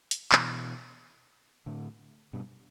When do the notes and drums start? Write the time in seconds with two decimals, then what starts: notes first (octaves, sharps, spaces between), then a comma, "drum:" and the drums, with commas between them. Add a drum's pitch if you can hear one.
0.11 drum: hi-hat
0.32 B2 E3, drum: clap
1.66 A2 D3
2.33 G2 B2